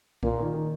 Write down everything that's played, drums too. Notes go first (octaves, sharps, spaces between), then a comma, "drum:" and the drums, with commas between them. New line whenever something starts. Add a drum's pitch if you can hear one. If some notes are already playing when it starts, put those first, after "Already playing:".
A#2 A#3, drum: kick B1
D#3
D#3